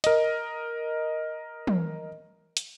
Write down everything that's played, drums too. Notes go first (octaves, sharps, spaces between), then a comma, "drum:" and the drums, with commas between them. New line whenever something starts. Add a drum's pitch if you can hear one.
A#4 D#5, drum: hi-hat
drum: tom
drum: hi-hat